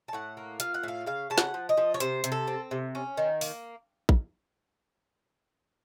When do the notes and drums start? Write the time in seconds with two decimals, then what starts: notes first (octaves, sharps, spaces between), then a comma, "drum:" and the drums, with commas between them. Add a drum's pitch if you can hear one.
0.08 A5
0.13 A2 F#5
0.37 A#3
0.60 F4 F5, drum: hi-hat
0.74 F#5
0.83 A2 F5
1.06 C#3 F5
1.30 C#3 A5
1.38 F#5, drum: snare
1.54 F3
1.69 D#5
1.77 F3
1.94 C#5
2.00 C3 C5, drum: hi-hat
2.24 C3, drum: hi-hat
2.32 A4
2.47 C4
2.71 C3
2.95 C#4
3.17 D#3
3.41 A#3, drum: open hi-hat
4.09 drum: kick